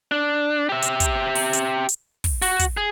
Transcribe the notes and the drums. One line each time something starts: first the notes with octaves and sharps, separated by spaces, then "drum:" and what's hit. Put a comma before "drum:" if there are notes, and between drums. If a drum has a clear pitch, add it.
D4
G4 E5
drum: hi-hat
drum: kick, hi-hat
drum: open hi-hat
drum: hi-hat
drum: hi-hat
drum: kick, open hi-hat
F#4, drum: open hi-hat
drum: kick, hi-hat
G#4